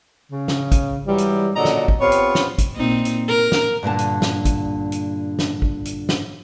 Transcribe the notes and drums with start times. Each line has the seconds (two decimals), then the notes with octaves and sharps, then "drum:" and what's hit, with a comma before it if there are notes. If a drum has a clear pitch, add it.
0.31 C#3
0.48 drum: snare
0.72 drum: kick, hi-hat
1.06 G#2 E3 F#3 G3
1.18 drum: hi-hat
1.56 A#2 D3 F#3 D5 D#5 A#5
1.65 drum: snare
1.88 drum: kick
2.00 B3 C4 F4 G4 C#5
2.12 drum: hi-hat
2.35 drum: snare
2.58 drum: kick, hi-hat
2.76 A#2 C4 D#4
3.05 drum: hi-hat
3.28 A#4
3.52 drum: snare
3.83 G2 A#2 D3 A5
3.99 drum: hi-hat
4.22 drum: snare
4.45 drum: kick, hi-hat
4.92 drum: hi-hat
5.39 drum: snare
5.62 drum: kick
5.85 drum: hi-hat
6.09 drum: snare